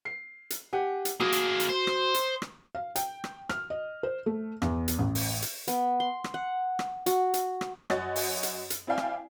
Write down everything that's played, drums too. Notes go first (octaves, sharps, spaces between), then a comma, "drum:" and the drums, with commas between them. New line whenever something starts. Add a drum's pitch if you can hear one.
C7
drum: hi-hat
G4 F#5 G#5
drum: hi-hat
A#3 F#4 G#4 D#6
drum: hi-hat
drum: hi-hat
C5
drum: rim click
drum: hi-hat
drum: rim click
F5
G5, drum: hi-hat
drum: rim click
F6, drum: rim click
D#5
C5
A3
E2, drum: rim click
drum: hi-hat
A1
drum: open hi-hat
drum: hi-hat
B3, drum: hi-hat
C6
drum: rim click
F#5
drum: rim click
F#4, drum: hi-hat
drum: hi-hat
drum: rim click
F#2 F#4 C#5 D#5 G#5 A6, drum: rim click
drum: open hi-hat
drum: hi-hat
drum: hi-hat
C4 E4 D5 F5 G5 G#5
drum: rim click